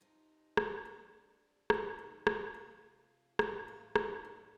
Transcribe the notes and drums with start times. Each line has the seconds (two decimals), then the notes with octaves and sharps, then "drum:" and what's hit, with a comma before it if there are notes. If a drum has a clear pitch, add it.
0.01 C3 F3 D#4
0.57 drum: rim click
0.85 D4
1.70 C3 F3 D4, drum: rim click
1.99 D#4
2.27 drum: rim click
2.54 F4
3.39 A2 F3 D#4, drum: rim click
3.68 F4
3.96 D#4, drum: rim click
4.25 D4